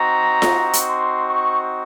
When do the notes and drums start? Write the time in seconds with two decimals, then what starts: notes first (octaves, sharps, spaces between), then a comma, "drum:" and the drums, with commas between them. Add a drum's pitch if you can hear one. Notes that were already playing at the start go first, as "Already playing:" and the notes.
Already playing: C4 D#4 F#4 A#5
0.42 drum: snare F4
0.73 drum: hi-hat
0.88 C6
1.27 C#6